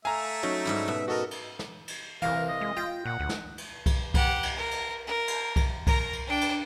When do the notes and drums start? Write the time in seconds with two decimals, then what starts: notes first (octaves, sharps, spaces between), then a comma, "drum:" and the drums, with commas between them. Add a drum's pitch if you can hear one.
0.05 A3 E5 F5 G#5 A#5
0.43 F#3 C#4 D#4
0.65 G#2 G3 E4
0.88 B2
1.08 F#4 A4 A#4 D#5
1.31 drum: cymbal
1.59 drum: snare
1.88 drum: cymbal
2.22 C2 E3 A#4 F5
2.49 D#5
2.61 G#3
2.77 F4 G5
3.05 A#2 F#5
3.20 D2
3.29 drum: snare
3.58 drum: cymbal
3.86 drum: kick B1, cymbal
4.14 G4 F#5, drum: kick B1, cymbal
4.43 drum: cymbal
4.56 A#4
4.71 drum: cymbal
5.07 A#4
5.28 drum: cymbal
5.56 drum: kick B1, cymbal
5.87 A#4 A#5, drum: kick B1, cymbal
6.13 drum: cymbal
6.27 D4 G5
6.41 drum: cymbal